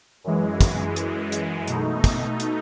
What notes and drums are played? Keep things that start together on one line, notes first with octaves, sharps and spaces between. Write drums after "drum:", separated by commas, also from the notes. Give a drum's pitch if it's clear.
F#2 E3 G#3
drum: kick, hi-hat
drum: hi-hat
drum: hi-hat
B2 A3 D#4, drum: hi-hat
drum: kick, hi-hat
drum: hi-hat